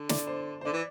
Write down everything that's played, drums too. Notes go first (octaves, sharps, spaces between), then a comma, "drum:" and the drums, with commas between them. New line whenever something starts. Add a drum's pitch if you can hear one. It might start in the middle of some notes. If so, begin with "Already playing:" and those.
Already playing: D3
D5, drum: snare
C5
C5
D3 D5
E3